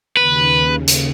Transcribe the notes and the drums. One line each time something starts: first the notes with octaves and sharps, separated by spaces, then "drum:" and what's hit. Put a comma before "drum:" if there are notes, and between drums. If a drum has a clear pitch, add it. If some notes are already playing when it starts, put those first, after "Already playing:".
D#2 C#3 B4
drum: hi-hat